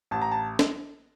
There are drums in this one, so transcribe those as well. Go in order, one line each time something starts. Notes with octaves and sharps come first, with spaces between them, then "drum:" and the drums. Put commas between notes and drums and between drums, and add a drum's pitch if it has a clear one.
A1 A5
A#5
A5
drum: snare